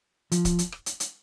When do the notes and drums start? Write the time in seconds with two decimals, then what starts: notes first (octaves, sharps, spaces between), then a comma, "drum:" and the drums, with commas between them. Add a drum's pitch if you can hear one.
0.32 F3, drum: hi-hat
0.45 drum: kick C#1, hi-hat
0.59 drum: hi-hat
0.72 drum: rim click
0.86 drum: hi-hat
1.00 drum: hi-hat